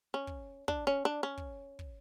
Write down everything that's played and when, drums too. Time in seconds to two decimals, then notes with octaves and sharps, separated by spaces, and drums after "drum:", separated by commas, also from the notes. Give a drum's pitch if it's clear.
0.14 C#4
0.27 drum: kick
0.68 D4, drum: kick
0.87 C#4
1.05 D4
1.23 C#4
1.37 drum: kick
1.79 drum: kick